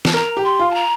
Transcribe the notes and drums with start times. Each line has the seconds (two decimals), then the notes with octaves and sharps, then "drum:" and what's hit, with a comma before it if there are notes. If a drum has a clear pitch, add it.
0.05 A5, drum: snare
0.14 A#4 A#5
0.37 G4
0.44 C6
0.59 F4
0.70 A5
0.74 A#5